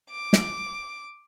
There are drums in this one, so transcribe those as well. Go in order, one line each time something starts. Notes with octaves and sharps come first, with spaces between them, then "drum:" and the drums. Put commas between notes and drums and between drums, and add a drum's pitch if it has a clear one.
D6
drum: snare